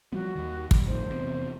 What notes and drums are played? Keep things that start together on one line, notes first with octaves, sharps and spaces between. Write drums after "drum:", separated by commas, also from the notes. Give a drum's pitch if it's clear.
F3 G3 B3 F#4
D#2 D#3
G3, drum: kick
F2 A2 D#3 C5
F1 E2 C3